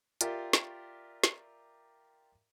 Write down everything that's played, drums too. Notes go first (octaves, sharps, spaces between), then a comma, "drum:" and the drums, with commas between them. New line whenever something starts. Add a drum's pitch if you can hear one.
F4 G4 A#4 D5 E5, drum: hi-hat
drum: snare
drum: snare